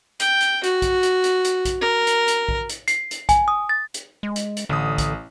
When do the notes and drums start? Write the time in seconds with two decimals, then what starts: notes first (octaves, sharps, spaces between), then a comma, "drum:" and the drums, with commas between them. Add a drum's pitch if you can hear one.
0.20 G5, drum: hi-hat
0.40 drum: hi-hat
0.63 F#4, drum: hi-hat
0.82 drum: kick A#1, hi-hat
1.03 drum: hi-hat
1.24 drum: hi-hat
1.44 drum: hi-hat
1.65 drum: kick A#1, hi-hat
1.81 A#4
2.07 drum: hi-hat
2.28 drum: hi-hat
2.49 drum: kick A#1
2.69 drum: hi-hat
2.88 C7, drum: hi-hat
3.11 drum: hi-hat
3.29 G#5, drum: kick A#1, hi-hat
3.48 D#6
3.69 A6
3.94 drum: hi-hat
4.23 G#3
4.36 drum: hi-hat
4.57 drum: hi-hat
4.69 A1 D3 D#6
4.98 drum: kick A#1, hi-hat